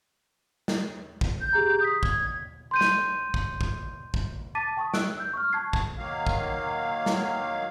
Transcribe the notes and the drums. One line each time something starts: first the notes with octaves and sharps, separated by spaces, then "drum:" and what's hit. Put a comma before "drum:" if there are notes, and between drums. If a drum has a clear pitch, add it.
drum: snare
drum: kick
G6
G4 G#4 A#5
D#6 B6
G#6, drum: kick
C6 G6 D#7
drum: snare
drum: kick
drum: kick
drum: kick
A5 D6 A6 B6 D#7
G5 C#6 D#6
E5 E6 F#6 D7, drum: snare
E6 G6
C#6 F6
A5 C#6 F#6 G#6 C7
drum: kick
D#3 F#3 A#3 F5
drum: kick
drum: snare